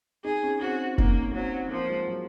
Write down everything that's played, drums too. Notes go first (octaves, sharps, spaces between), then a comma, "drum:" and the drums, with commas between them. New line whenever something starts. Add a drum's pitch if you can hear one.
D#4 G#4
C#4
C4 F#4
A#3 D#4, drum: kick
C#4
C#4
F#3 C4
F3 A#3
G#3
F#3